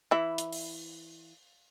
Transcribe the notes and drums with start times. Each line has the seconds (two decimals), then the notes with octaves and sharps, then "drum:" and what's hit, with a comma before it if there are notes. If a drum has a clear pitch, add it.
0.11 E3 E4
0.38 drum: hi-hat
0.52 drum: open hi-hat